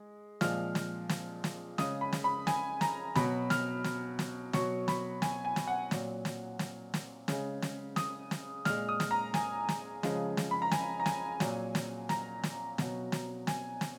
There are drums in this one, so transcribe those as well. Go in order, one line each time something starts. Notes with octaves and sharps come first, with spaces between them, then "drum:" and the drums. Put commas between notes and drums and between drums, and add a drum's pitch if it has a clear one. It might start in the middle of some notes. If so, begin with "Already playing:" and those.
Already playing: G#3
A#2 F3 G#3 F6, drum: snare
drum: snare
drum: snare
drum: snare
C#3 G#3 D#6, drum: snare
B5
drum: snare
B5
G#5, drum: snare
A#5, drum: snare
B2 F#3 B5, drum: snare
F6, drum: snare
drum: snare
drum: snare
B2 F#3 C#6, drum: snare
B5, drum: snare
G#5, drum: snare
G#5
drum: snare
F#5
A#2 F#3, drum: snare
drum: snare
drum: snare
drum: snare
C#3 G#3, drum: snare
drum: snare
D#6, drum: snare
drum: snare
A#2 G#3 F6, drum: snare
D#6
drum: snare
A#5
G#5, drum: snare
drum: snare
C#3 F3 G#3, drum: snare
drum: snare
B5
A#5
G#5, drum: snare
A#5
G#5, drum: snare
A#2 F#3, drum: snare
drum: snare
A#5, drum: snare
drum: snare
B2 F#3, drum: snare
drum: snare
G#5, drum: snare
drum: snare